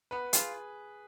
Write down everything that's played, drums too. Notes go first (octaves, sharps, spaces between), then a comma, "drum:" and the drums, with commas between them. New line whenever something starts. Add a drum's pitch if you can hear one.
B3 B4
F4 G#4, drum: hi-hat